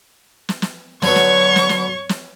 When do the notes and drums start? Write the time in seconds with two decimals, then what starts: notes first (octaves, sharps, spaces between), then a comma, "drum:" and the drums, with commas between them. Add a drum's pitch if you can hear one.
0.49 drum: snare
0.62 drum: snare
1.02 D3 F#3 B3 C#5 C#6, drum: snare
1.16 drum: snare
1.56 drum: snare
1.69 drum: snare
2.09 drum: snare